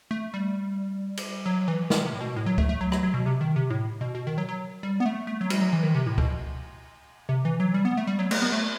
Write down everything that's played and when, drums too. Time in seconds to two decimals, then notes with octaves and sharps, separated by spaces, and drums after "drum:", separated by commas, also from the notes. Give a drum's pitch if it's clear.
0.11 A3
0.34 G3
1.17 drum: cymbal
1.46 F#3
1.68 E3
1.90 D#3, drum: snare
2.06 C3
2.13 A2
2.21 B2
2.36 A2
2.46 F#3
2.58 A3, drum: kick C#2
2.69 A3
2.81 F#3
2.92 F#3, drum: rim click
3.03 F#3
3.14 B2
3.26 C3
3.41 D#3
3.56 C3
3.70 A2
4.01 B2
4.15 B2
4.27 D#3
4.38 F#3
4.49 F#3
4.83 G3
5.00 B3
5.06 A3
5.27 A3
5.41 F#3
5.50 G3, drum: cymbal
5.61 F#3
5.73 E3
5.83 D#3
5.95 C3
6.06 A2
6.18 B2, drum: kick C#2
7.29 C3
7.45 E3
7.60 F#3
7.74 G3
7.85 B3
7.97 A3
8.07 G3
8.19 F#3
8.31 A3, drum: cymbal
8.42 B3
8.52 A3